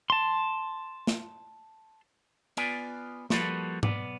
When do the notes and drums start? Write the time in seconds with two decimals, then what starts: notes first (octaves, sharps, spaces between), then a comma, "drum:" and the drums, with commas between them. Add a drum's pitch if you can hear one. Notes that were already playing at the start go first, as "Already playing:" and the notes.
0.10 A5 C6
1.07 drum: snare
2.57 B3 F4 B4 D5 G#5, drum: cymbal
3.30 F3 G3 A#3 F#4 A4 B4, drum: snare
3.83 B1 B3 D5, drum: tom G#2